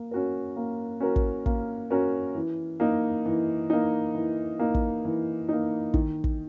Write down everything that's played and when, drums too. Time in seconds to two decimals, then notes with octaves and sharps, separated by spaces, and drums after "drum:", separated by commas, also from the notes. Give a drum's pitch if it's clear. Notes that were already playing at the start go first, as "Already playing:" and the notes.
Already playing: A#3
0.11 C#4 F#4 A#4
0.57 A#3
1.00 C#4 F#4 A#4
1.16 drum: kick
1.46 A#3, drum: kick
1.90 C#4 F#4 A#4
2.35 E3
2.80 A#3 D#4
3.25 E3
3.70 A#3 D#4
4.15 E3
4.59 A#3 D#4
4.74 drum: kick
5.05 E3
5.49 A#3 D#4
5.94 D#3, drum: kick
6.24 drum: kick